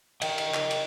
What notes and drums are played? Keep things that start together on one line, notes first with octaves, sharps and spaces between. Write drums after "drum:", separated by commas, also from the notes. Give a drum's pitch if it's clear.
D#5 G5, drum: cymbal
drum: cymbal
drum: clap
drum: cymbal